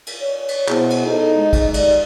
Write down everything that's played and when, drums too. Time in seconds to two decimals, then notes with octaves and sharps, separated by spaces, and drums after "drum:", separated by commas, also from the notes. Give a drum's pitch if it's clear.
0.07 drum: cymbal
0.22 C#5
0.48 drum: cymbal
0.68 B2 E4 G#4 C5, drum: clap
0.90 drum: cymbal
1.07 D#4 G#4 A4
1.37 G#3
1.53 drum: kick, cymbal
1.74 G3 D5, drum: cymbal